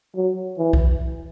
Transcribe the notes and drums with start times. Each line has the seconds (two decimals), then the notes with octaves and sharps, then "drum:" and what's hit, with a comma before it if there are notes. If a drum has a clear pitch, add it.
0.16 F#3
0.58 E3
0.73 drum: kick B1